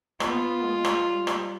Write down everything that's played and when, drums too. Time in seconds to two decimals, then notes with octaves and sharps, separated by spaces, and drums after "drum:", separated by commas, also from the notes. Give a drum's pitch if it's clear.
0.20 B3 F4, drum: rim click
0.63 G#3
0.85 drum: rim click
1.05 G3
1.27 drum: rim click